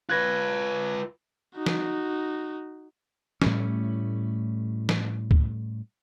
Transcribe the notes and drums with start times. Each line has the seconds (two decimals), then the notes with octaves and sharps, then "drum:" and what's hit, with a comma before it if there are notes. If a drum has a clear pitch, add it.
0.10 F4 B4 F#6 G#6 A#6
1.56 D#4 F#4
1.66 drum: snare
3.42 A2 G3 A3 C#4, drum: snare
4.89 drum: snare
5.31 drum: kick